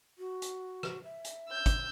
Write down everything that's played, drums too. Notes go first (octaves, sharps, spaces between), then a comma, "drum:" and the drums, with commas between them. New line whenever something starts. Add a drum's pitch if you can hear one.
F#4
drum: hi-hat
drum: rim click
E5
drum: hi-hat
E6 G6
drum: kick, hi-hat